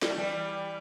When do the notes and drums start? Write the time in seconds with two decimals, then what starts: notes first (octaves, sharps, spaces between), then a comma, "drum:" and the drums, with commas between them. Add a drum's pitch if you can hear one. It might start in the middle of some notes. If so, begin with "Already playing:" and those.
0.02 G3, drum: snare
0.10 A3
0.18 E3 G3